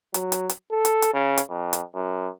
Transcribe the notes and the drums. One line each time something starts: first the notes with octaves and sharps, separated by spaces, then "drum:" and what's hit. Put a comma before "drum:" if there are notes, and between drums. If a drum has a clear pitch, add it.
F#3, drum: hi-hat
drum: hi-hat
drum: hi-hat
A4
drum: hi-hat
drum: hi-hat
C#3
drum: hi-hat
F2
drum: hi-hat
F#2